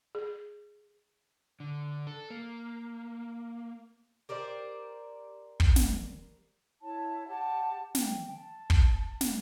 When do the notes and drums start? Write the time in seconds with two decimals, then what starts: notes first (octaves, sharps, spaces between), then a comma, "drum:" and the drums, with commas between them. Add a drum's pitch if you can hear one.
0.15 G#4
1.60 D3
2.07 A4
2.30 A#3
4.29 G4 A#4 C5 D5
5.60 drum: kick
5.76 drum: snare
6.81 E4 C#5 A5
7.26 G4 F#5 A5
7.95 G5, drum: snare
8.30 A5
8.70 drum: kick
9.21 drum: snare